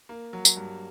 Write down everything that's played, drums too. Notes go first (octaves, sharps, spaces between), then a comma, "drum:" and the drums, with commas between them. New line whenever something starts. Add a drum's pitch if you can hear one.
A#3
F#3
drum: tambourine
G2